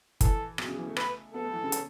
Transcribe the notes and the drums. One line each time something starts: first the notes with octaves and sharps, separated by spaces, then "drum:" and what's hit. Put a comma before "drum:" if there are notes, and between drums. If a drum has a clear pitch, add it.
E3 A4, drum: kick, hi-hat
B2, drum: rim click
C#3
E3
A3
B4, drum: rim click
B3 A4
A3
E3
C#3
C#4, drum: hi-hat